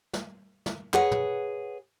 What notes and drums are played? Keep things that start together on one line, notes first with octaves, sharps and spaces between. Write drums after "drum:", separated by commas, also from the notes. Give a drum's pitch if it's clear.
drum: snare
drum: snare
G#4 B4 C#5 F#5, drum: clap
drum: tom